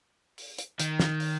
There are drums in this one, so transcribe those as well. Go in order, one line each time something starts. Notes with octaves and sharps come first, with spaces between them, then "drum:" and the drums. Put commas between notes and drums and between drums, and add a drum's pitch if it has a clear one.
drum: open hi-hat
drum: hi-hat
D#3, drum: hi-hat
drum: snare
drum: open hi-hat